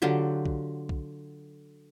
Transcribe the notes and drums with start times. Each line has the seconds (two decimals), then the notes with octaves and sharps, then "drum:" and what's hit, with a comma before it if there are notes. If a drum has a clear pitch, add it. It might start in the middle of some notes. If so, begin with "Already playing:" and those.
0.02 D3 F#3 F4 G4
0.46 drum: kick
0.89 drum: kick